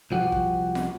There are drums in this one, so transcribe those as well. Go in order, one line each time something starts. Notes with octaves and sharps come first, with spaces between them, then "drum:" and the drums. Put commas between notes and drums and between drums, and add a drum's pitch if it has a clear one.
C2 F3 F#4 G4 F#5
drum: kick
drum: snare